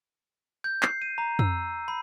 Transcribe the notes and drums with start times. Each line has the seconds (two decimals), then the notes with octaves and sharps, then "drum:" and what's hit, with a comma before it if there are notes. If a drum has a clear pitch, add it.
0.64 G6
0.83 C7, drum: clap
1.02 D#7
1.18 A#5
1.39 E6, drum: tom F2
1.88 B5